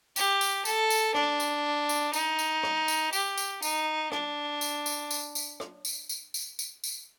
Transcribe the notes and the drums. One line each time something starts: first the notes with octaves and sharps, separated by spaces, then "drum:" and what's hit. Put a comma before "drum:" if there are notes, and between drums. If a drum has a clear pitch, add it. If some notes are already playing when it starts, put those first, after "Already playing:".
G4, drum: tambourine
drum: tambourine
A4, drum: tambourine
drum: tambourine
D4, drum: rim click
drum: tambourine
drum: tambourine
D#4, drum: tambourine
drum: tambourine
drum: rim click
drum: tambourine
G4, drum: tambourine
drum: tambourine
D#4, drum: tambourine
D4, drum: rim click
drum: tambourine
drum: tambourine
drum: tambourine
drum: tambourine
drum: rim click
drum: tambourine
drum: tambourine
drum: tambourine
drum: tambourine
drum: tambourine